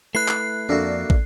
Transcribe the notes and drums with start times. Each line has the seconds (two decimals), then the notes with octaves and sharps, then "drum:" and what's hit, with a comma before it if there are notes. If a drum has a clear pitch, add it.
0.15 A3 E4 B4 F#6 C7
0.28 drum: clap
0.69 F2 A#3 D4 E4 F#4 A4 D5
1.10 drum: kick